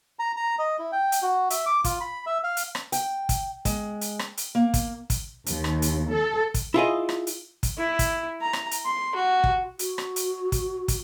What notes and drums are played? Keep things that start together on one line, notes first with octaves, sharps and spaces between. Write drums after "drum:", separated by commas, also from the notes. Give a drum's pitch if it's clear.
A#5
A#5
D#5
E4
G5
drum: hi-hat
F#4
E5, drum: hi-hat
D6
F4, drum: kick, hi-hat
B5
E5
F5
drum: hi-hat
drum: rim click
G5, drum: hi-hat
drum: kick, hi-hat
G#3, drum: kick, hi-hat
drum: hi-hat
drum: rim click
drum: hi-hat
A#3
drum: kick, hi-hat
drum: kick, hi-hat
D#2, drum: hi-hat
drum: rim click
drum: hi-hat
A4
drum: kick, hi-hat
E4 F4 G#4 D#5
drum: rim click
drum: hi-hat
drum: kick, hi-hat
E4
drum: kick, hi-hat
A#5
drum: rim click
drum: hi-hat
C6
F#4
drum: kick
F#4, drum: hi-hat
drum: rim click
drum: hi-hat
drum: kick, hi-hat
drum: kick, hi-hat